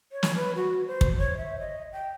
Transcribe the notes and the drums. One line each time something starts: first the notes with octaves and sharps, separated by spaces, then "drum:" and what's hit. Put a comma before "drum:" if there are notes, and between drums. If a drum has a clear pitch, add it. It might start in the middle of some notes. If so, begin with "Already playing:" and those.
C#5
drum: snare
B4
F#4
C5
drum: kick
C#5
E5
D#5
G5